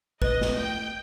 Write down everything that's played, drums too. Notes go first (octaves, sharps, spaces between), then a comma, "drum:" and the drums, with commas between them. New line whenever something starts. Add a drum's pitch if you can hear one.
B4 D#5, drum: kick
drum: snare
G5